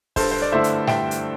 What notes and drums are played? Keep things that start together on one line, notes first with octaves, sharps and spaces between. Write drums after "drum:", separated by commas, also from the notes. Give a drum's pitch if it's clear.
G2 A4 C5, drum: kick, open hi-hat
C5
D5
D3 A3 E4 C5 E5
drum: hi-hat
G2 E5 G5, drum: snare
drum: hi-hat